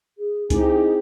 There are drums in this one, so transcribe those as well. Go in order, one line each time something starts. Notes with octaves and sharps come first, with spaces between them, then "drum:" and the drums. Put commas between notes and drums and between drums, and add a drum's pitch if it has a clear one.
G#4
C4 D#4 E4 G4 G#4, drum: kick C#2, hi-hat